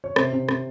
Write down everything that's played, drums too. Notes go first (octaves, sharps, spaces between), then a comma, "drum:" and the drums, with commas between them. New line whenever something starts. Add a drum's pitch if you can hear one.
C#5
C3 C5, drum: rim click
C3
C3, drum: rim click